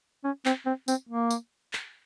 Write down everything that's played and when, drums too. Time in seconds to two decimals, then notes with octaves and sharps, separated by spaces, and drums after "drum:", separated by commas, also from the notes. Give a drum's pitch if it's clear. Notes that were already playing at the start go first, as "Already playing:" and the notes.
0.24 C#4
0.46 C4, drum: clap
0.66 C4
0.88 C4, drum: tambourine
1.09 A#3
1.31 drum: tambourine
1.73 drum: clap